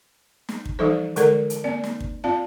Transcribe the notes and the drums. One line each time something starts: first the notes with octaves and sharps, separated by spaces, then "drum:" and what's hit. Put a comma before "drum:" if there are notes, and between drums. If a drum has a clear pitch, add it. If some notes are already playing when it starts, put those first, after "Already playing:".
drum: snare
drum: kick
E3 F3 G3 D#4 A4 C5
D3 G#3 A4 A#4 D5, drum: hi-hat
drum: hi-hat
A#3 C4 D5
drum: snare
drum: kick
C4 F4 D5 F5 A5